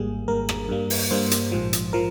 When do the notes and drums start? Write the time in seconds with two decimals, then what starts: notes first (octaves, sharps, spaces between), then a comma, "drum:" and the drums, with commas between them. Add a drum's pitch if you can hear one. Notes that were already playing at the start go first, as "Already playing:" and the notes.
Already playing: G#1 G#2 G3 A#3 G#4
0.28 G#1 G#2 G3 A#3 A#4
0.49 drum: rim click
0.69 G2 G3 A#3
0.90 drum: open hi-hat
1.11 G2 G3 A#3 C5
1.31 drum: hi-hat
1.52 A#1 G#2 F3
1.73 drum: hi-hat
1.93 F3 A#4